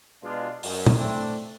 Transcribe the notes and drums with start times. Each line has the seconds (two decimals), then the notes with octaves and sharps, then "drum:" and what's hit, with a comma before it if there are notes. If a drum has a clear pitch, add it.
0.23 B2 G#3 D4 F4
0.63 F#2, drum: open hi-hat
0.86 drum: tom
0.96 A3 C4 D4 E4